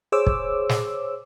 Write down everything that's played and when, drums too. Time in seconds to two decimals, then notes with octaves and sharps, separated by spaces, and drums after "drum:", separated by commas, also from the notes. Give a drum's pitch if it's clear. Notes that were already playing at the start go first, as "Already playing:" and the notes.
0.12 G#4 C5 C#5 D6 E6
0.27 drum: kick
0.69 drum: snare